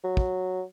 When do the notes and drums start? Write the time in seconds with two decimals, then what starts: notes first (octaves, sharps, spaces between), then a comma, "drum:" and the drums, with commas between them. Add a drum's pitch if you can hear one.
0.04 F#3
0.17 drum: kick